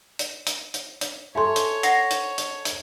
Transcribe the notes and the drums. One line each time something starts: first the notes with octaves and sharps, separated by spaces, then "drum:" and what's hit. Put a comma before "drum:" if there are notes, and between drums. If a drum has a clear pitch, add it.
drum: hi-hat
drum: hi-hat
drum: hi-hat
drum: hi-hat
A4 C#5 E5 G#5 A#5 C6
drum: hi-hat
F#5 A#6 C7, drum: hi-hat
drum: hi-hat
drum: hi-hat
drum: hi-hat